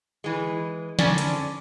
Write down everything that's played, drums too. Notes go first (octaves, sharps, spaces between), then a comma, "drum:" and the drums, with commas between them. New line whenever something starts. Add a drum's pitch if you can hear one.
E3 G#3
F2 D3 C#4 D5, drum: snare
drum: hi-hat